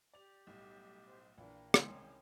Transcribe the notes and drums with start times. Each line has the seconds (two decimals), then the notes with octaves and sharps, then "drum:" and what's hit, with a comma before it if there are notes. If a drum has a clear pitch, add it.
0.14 G4 D5 D6 F7
0.47 B1 A2 G3
1.07 C5
1.38 A#1 E3 D4 F4 A#4 G5 B5
1.74 C2 D#3 E3 C#4 G#4, drum: rim click